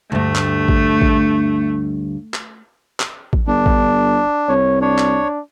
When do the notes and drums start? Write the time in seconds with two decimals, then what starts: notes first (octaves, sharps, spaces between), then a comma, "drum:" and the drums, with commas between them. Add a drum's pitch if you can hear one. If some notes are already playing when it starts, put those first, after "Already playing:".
0.12 D2 G2 A3
0.35 drum: clap
0.68 drum: kick A1
1.02 drum: kick A1
2.34 drum: clap
3.00 drum: clap
3.33 drum: kick A1
3.47 G1 D4
3.66 drum: kick A1
4.49 C2 C#5
4.82 D4 C#5
4.98 drum: clap